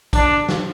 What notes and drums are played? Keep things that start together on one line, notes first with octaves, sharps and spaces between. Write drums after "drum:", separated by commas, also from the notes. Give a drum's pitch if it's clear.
D4, drum: kick, hi-hat
drum: snare